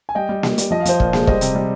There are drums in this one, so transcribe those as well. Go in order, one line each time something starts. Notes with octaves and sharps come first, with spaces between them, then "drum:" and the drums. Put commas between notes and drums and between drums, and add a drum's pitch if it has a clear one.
G#5
G3 D#5 G5
G3
G3, drum: snare A#3
G3, drum: hi-hat
F3 D#5
F5
F3 C5 D#5, drum: hi-hat
A#2, drum: kick
G#3, drum: snare A#3
G3 C5 D#5, drum: kick
C3, drum: hi-hat
G3